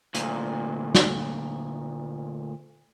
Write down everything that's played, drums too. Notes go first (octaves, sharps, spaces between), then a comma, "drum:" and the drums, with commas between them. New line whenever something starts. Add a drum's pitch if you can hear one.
D2 A#2, drum: hi-hat
drum: snare